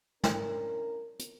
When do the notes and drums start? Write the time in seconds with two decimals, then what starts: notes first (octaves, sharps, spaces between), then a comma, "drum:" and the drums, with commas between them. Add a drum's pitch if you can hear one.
0.24 C#4 D4 E4 A#4, drum: snare
1.19 drum: hi-hat